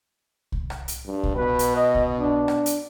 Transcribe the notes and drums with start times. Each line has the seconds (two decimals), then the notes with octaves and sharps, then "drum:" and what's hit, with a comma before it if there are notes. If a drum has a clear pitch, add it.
0.52 drum: kick C2
0.70 drum: rim click
0.88 drum: hi-hat
1.06 G2
1.23 drum: kick C2
1.36 B2 B4
1.59 drum: hi-hat
1.76 D#5
1.95 drum: kick C2
2.20 D4
2.48 drum: rim click
2.66 drum: hi-hat